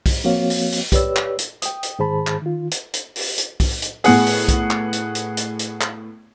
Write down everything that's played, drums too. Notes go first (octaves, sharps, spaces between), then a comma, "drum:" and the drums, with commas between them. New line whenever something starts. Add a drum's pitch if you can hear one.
drum: kick, open hi-hat
F3 A#3 C4 F#4 C#5 F5
drum: open hi-hat
drum: open hi-hat
G4 B4 C#5 D5 E6, drum: kick, hi-hat
drum: clap
drum: hi-hat
G5 D#6, drum: hi-hat
drum: hi-hat
G#2 D#3 G#4 C5 A5 B5
drum: clap
D#3 F4
drum: hi-hat
drum: hi-hat
drum: open hi-hat
drum: hi-hat
drum: kick, open hi-hat
drum: hi-hat
A2 B3 G#4 F#5, drum: open hi-hat
drum: open hi-hat
drum: kick, hi-hat
drum: clap
drum: hi-hat
drum: hi-hat
drum: hi-hat
drum: hi-hat
drum: clap